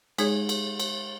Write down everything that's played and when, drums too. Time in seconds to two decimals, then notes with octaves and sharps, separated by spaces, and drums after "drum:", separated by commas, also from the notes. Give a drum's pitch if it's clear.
0.18 G#3 D#4 G#4 C#5, drum: cymbal
0.49 drum: cymbal
0.80 drum: cymbal